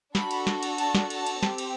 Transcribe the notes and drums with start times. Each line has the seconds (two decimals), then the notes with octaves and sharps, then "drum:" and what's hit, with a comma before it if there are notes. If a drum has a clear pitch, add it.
0.15 D4 F#4 A4 B5, drum: snare
0.31 drum: cymbal
0.47 drum: snare
0.63 drum: cymbal
0.78 A5, drum: cymbal
0.95 drum: snare
1.10 A5, drum: cymbal
1.26 drum: cymbal
1.43 C4 G4, drum: snare
1.58 drum: cymbal